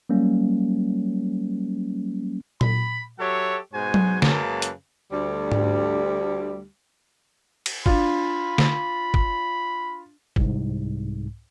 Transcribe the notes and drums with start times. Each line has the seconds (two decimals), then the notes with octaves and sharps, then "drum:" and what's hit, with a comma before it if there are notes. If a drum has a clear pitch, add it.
0.09 F#3 G3 A#3 C#4
2.61 B5, drum: tom A#2
3.19 F#3 G4 A4 C#5 E5 F#5
3.73 G#2 B2 F#4 C5 G#5
3.94 drum: tom F#3
4.22 F#2 C#3 G#3 A#3 B4 A5, drum: snare
4.62 drum: hi-hat
5.12 D2 G3
5.52 drum: tom G#2
7.66 drum: cymbal
7.86 D4 F4 B5, drum: kick
8.58 drum: snare
9.14 drum: kick
10.36 C2 G#2, drum: kick